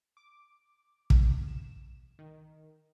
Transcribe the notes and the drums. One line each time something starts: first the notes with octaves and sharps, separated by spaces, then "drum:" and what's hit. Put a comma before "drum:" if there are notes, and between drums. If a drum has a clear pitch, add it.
D6
drum: kick
E7
D#3